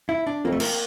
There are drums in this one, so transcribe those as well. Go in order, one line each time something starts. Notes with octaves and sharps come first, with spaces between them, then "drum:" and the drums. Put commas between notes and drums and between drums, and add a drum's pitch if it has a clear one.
E4
D4
F2 A#3
A3
A#3, drum: cymbal